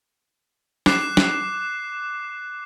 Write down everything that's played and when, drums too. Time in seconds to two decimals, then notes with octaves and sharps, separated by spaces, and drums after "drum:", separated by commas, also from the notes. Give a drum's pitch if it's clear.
0.86 D6 F#6 C7 E7, drum: snare
1.17 drum: snare